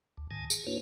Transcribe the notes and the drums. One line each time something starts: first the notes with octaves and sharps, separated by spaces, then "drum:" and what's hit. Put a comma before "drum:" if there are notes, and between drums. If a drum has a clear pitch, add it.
D2
G#2 D#3 G#5 A5
G#4, drum: tambourine
A#3 D4 E4 F#4 B4 C#5